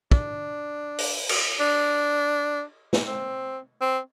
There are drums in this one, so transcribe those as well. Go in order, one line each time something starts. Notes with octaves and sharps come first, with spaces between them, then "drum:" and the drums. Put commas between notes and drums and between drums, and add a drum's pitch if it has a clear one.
D4, drum: kick
drum: open hi-hat
drum: cymbal
D4
drum: snare
C4
C4